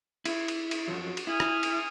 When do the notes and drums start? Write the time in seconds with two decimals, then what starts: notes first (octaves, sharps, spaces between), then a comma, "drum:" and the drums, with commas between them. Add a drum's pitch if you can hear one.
0.25 E4, drum: cymbal
0.48 drum: cymbal
0.71 drum: cymbal
0.88 F#2 F3 F#3 F#4
1.17 drum: cymbal
1.27 E4 G#5 D#6 F6
1.40 drum: rim click
1.63 drum: cymbal